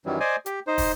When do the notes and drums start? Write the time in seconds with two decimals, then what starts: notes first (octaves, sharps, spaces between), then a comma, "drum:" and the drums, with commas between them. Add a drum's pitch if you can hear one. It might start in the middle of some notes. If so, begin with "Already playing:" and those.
0.06 F#2 D#3 E3 F#3 G3
0.20 C5 D5 D#5 G#5
0.46 G4, drum: hi-hat
0.67 D#4 C5
0.78 drum: kick, open hi-hat